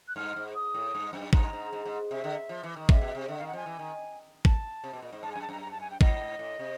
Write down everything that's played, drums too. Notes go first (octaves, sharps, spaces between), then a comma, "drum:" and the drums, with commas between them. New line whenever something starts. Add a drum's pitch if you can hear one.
F#6
G2 F6
G#2
D#6
A2
G2
F#2
G2 A#5, drum: kick G#1
G#2
G#2
G#2
C3 E5
D3
F3
E3
D#3
C#3 E5, drum: kick G#1
B2
C3
D3 E5
F5
D#3
F#5
F3 G#5
E3
D#3
A5, drum: kick G#1
C3
B2
A#2
G#2
G2 A5
G#5
F#2
A5
F#2 A#5
A#5
A5
G#5
G5
G#2 D#5, drum: kick G#1
A2
C3